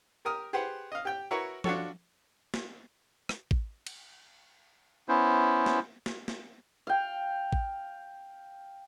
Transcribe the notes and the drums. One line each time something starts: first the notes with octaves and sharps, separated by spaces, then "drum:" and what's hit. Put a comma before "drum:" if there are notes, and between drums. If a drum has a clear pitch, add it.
G4 A#4 D#6 F6
G4 G#4 B4 C5 F#5
D#5 F5
G4 G5
E4 F#4 A#4 B4 C#5
D4 F4 F#4 A4 C#5, drum: tom F3
drum: snare
drum: rim click
drum: kick A1
drum: cymbal
B3 C#4 E4 C5
drum: snare
drum: snare
drum: snare
F5 G5
drum: kick A1